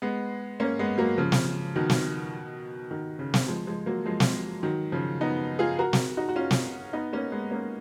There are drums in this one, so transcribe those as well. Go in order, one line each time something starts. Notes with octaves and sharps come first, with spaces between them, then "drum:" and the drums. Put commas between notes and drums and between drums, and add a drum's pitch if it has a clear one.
G#3 B3
A#3 C#4
G#3 B3
F#3 A#3
C#3 F3
drum: snare
B2 D#3
drum: snare
B2 D#3
C#3
drum: snare
F3 G#3
F3 G#3
F#3 A#3
F3 G#3
drum: snare
D#3 F#3
C#3 F3
B3 D#4
F4 G#4
F#4 A#4
drum: snare
D#4 F#4
F#4
C#4 F4
drum: snare
B3 D#4
A#3 C#4
G#3 B3
A#3 C#4